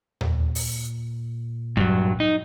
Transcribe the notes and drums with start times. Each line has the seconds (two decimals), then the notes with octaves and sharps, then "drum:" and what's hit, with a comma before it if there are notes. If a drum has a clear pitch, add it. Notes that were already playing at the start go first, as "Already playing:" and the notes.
0.21 A#2, drum: tom D#2
0.55 drum: open hi-hat
1.77 G2 F#3, drum: kick C#2
2.20 D#4